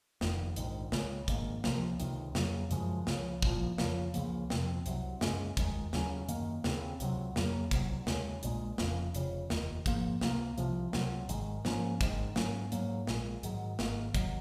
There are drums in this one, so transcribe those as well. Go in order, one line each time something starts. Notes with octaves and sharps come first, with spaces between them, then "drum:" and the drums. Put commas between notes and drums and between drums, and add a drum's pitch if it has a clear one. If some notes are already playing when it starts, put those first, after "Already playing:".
F1 F2 D#3, drum: snare
A#1 G#2 D#3, drum: hi-hat
C#2 C#3 G#3, drum: snare
A#1 G#2 D#3 A#3, drum: kick, hi-hat
C#2 C3 F3 A#3, drum: snare
C#2 C3 D#3, drum: hi-hat
F2 C#3 F#3 A#3, drum: snare
F#2 C#3 F3 G#3, drum: hi-hat
C#2 C#3 F3, drum: snare
C2 A#2 F3, drum: kick
F2 C#3 F3, drum: snare
C#2 C#3 F3 A#3, drum: hi-hat
F2 C3 F3 C4, drum: snare
C2 C3 F#3, drum: hi-hat
F#2 C#3 G#3 C#4, drum: snare
F1 D#2 D#3 G#3, drum: kick, hi-hat
D#2 C#3 F#3 C#4, drum: snare
F#2 D#3 A#3, drum: hi-hat
D#2 C#3 G#3 C4, drum: snare
C#2 C3 F#3, drum: hi-hat
F2 C#3 F#3 A#3, drum: snare
C2 C3 F#3, drum: kick, hi-hat
D#2 C#3 G#3, drum: snare
A#1 A#2 F3 G#3, drum: hi-hat
F1 F2 C#3, drum: snare
F1 F2 C#3, drum: hi-hat
F1 D#2 D#3, drum: snare
A#1 G#2 F3 A#3, drum: kick, hi-hat
C#2 C3 D#3 A#3, drum: snare
C2 C3 F3, drum: hi-hat
C#2 C3 F#3, drum: snare
G#1 G#2 D#3 G#3, drum: hi-hat
G#2 F3 A#3 C#4, drum: snare
G#1 G#2 D#3, drum: kick, hi-hat
G#2 F#3 A#3 C#4, drum: snare
G#2 F#3 A#3, drum: hi-hat
A#1 A#2 G#3, drum: snare
G#2 D#3 F#3, drum: hi-hat
G#1 G#2 D#3 A#3, drum: snare
D#2 D#3 F#3, drum: kick, hi-hat